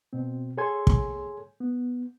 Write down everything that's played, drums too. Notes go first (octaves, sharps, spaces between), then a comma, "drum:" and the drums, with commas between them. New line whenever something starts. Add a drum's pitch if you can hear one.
B2 C4
G#4 A4 C#5 G#5 C6 G#6
drum: kick
B3